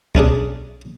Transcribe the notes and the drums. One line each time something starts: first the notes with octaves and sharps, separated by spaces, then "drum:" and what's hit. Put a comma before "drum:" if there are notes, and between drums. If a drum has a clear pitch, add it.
B1 C#4 D4 G#4, drum: kick C#2